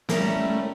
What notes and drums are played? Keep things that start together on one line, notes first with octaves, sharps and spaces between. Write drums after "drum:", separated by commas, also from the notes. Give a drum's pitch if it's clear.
G3 A#3 C#4 E4 A#4, drum: snare
A3
A3
A3